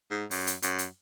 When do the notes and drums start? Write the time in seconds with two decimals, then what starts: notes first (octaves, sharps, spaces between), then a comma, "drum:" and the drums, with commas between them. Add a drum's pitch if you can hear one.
0.10 G#2
0.31 F#2, drum: open hi-hat
0.47 drum: hi-hat
0.62 F#2, drum: hi-hat
0.78 drum: hi-hat